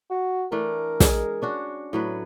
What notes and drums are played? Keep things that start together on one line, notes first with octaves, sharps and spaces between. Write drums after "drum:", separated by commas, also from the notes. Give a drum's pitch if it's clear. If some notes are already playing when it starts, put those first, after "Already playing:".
F#4
E3 A3 D4 A#4
G#3 G#4, drum: snare
C#4 D4 F#4
A2 F#3 B4